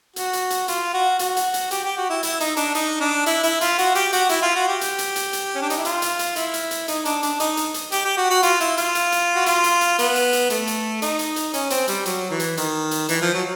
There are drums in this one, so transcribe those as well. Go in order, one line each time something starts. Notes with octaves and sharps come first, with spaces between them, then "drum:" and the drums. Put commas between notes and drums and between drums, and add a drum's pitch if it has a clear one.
F#4, drum: hi-hat
drum: hi-hat
drum: hi-hat
F4, drum: hi-hat
F#4
F#4, drum: hi-hat
drum: hi-hat
drum: hi-hat
G4, drum: hi-hat
G4
F#4
E4
E4, drum: hi-hat
D#4, drum: hi-hat
D4, drum: hi-hat
D#4, drum: hi-hat
D4
E4, drum: hi-hat
E4, drum: hi-hat
F4, drum: hi-hat
F#4, drum: hi-hat
G4, drum: hi-hat
F#4, drum: hi-hat
E4, drum: hi-hat
F4
F#4
G4
drum: hi-hat
drum: hi-hat
drum: hi-hat
drum: hi-hat
C#4
D4
D#4, drum: hi-hat
E4
F4, drum: hi-hat
drum: hi-hat
drum: hi-hat
E4, drum: hi-hat
drum: hi-hat
drum: hi-hat
D#4, drum: hi-hat
D4, drum: hi-hat
D4, drum: hi-hat
D#4, drum: hi-hat
drum: hi-hat
drum: hi-hat
G4, drum: hi-hat
G4
F#4
F#4
F4, drum: hi-hat
E4, drum: hi-hat
F4, drum: hi-hat
drum: hi-hat
drum: hi-hat
F#4
F4, drum: hi-hat
drum: hi-hat
drum: hi-hat
B3, drum: hi-hat
drum: hi-hat
drum: hi-hat
A3, drum: hi-hat
drum: hi-hat
D#4, drum: hi-hat
drum: hi-hat
drum: hi-hat
C#4, drum: hi-hat
C4, drum: hi-hat
G3, drum: hi-hat
F#3, drum: hi-hat
E3
drum: hi-hat
D#3, drum: hi-hat
drum: hi-hat
E3, drum: hi-hat
F3
F#3